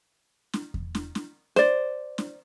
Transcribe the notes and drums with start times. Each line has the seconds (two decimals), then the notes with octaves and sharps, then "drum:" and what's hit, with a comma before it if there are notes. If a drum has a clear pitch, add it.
0.53 drum: snare
0.74 drum: kick E2
0.95 drum: snare
1.15 drum: snare
1.56 C5 D5, drum: snare
2.18 drum: snare